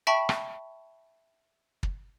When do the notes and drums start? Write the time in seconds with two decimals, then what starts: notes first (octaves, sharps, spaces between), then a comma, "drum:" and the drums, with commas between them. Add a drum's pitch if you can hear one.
0.07 E5 G5 A5 B5 C#6
0.29 drum: rim click
1.83 drum: kick